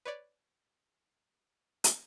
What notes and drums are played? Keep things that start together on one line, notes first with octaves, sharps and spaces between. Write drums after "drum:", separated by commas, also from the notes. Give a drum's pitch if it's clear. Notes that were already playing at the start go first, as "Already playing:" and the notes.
B4 C#5 D5
drum: hi-hat